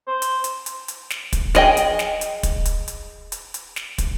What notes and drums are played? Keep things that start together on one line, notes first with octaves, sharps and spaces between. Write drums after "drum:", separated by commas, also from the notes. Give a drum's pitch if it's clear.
C5
drum: hi-hat
drum: hi-hat
drum: hi-hat
drum: hi-hat
drum: snare
drum: kick, hi-hat
G#4 D#5 G5, drum: snare
drum: hi-hat
drum: snare
drum: hi-hat
drum: kick, hi-hat
drum: hi-hat
drum: hi-hat
drum: hi-hat
drum: hi-hat
drum: snare
drum: kick, hi-hat